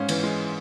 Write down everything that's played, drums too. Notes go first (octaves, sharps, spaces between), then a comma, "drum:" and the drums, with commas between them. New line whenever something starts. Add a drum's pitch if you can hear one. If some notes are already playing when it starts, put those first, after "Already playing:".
Already playing: G#2 C#4 F5
E3, drum: cymbal
G#3